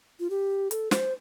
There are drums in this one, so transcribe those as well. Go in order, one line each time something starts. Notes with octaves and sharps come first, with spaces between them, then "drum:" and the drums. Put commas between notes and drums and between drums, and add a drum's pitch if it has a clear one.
F4
G4
A4, drum: hi-hat
C5, drum: snare